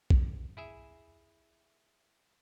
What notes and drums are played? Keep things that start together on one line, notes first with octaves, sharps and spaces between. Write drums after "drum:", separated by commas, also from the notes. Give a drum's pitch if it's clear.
drum: kick
E4 G#4 E5